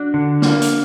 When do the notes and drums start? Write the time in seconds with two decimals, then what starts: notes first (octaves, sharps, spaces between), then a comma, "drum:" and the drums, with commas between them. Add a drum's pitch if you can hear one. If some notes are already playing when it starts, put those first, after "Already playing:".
Already playing: D4 F#4
0.14 D3
0.42 A#3, drum: snare
0.62 drum: hi-hat